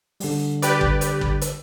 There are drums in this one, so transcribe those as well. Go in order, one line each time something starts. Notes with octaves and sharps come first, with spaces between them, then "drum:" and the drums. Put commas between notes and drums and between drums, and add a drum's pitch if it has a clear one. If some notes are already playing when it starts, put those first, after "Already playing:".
D3 G3, drum: open hi-hat
G4 B4 D5, drum: hi-hat
drum: kick
drum: hi-hat
drum: kick
drum: hi-hat